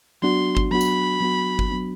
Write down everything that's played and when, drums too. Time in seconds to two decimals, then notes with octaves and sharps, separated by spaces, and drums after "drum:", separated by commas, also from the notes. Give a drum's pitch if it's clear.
0.22 F#3 B3 D4 F#4 C6
0.57 drum: kick G1
0.71 F#3 B3 D4 F#4 B5
0.81 drum: tambourine
1.20 F#3 B3 D4 F#4
1.59 drum: kick G1
1.68 F#3 B3 D4 F#4